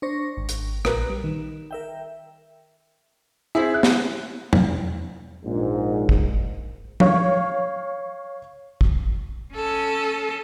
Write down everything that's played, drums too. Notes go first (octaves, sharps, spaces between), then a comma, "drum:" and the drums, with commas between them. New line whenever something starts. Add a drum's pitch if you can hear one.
D4 C5 C#6 A#6
G#1
drum: hi-hat
A#1 A#4 B4 A#5 F#6, drum: rim click
G3
D#3
A#4 E5 G5
C4 E4 G#4 E5
F#6
drum: snare
drum: tom
A#1 G#2
drum: kick
C#5 F5 C#6, drum: tom F3
drum: kick
C#4 A4